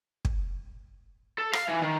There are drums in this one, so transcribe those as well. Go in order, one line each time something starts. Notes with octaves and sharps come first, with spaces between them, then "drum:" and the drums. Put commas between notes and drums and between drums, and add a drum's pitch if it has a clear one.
drum: kick
A4
F5, drum: rim click
E3
D#3